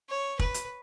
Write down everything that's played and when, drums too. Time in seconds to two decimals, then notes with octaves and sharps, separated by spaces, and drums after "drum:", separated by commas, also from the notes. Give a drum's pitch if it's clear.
0.09 C#5
0.39 B4, drum: kick
0.54 drum: hi-hat